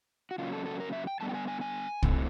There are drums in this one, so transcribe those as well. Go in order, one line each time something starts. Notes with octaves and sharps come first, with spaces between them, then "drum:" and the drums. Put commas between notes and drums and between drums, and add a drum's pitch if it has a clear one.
F#4
C#3 F#3 A#3 C#4 F4
A4
A4
A#4
E5
G5
D3 G3 B3 A5
G5
G#5
G#5
G#5
C3 E3 A3 C4, drum: kick